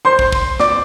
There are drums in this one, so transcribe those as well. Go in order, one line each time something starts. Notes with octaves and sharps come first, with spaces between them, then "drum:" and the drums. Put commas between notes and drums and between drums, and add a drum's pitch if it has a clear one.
C5 C6
drum: kick
drum: kick
D5 D6, drum: snare